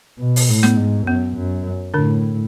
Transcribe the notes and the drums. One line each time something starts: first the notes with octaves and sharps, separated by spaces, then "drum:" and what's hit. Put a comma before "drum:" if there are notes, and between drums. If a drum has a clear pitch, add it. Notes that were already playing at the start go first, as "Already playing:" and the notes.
B2
drum: open hi-hat
A2
B3, drum: snare
G#2
F#2 B3
F#2
A2 D3 D4